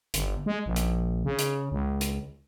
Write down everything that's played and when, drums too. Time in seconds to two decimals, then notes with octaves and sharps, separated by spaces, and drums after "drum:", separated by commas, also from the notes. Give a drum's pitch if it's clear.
0.14 G1, drum: hi-hat
0.46 G#3
0.66 A#1
0.76 drum: hi-hat
1.25 C#3
1.39 drum: hi-hat
1.72 C#2
2.01 drum: hi-hat